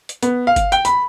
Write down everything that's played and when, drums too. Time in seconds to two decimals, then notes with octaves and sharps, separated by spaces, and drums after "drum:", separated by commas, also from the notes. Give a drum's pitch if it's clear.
0.09 drum: hi-hat
0.23 B3, drum: hi-hat
0.47 F5
0.56 drum: kick G1, hi-hat
0.72 G5, drum: hi-hat
0.85 B5, drum: hi-hat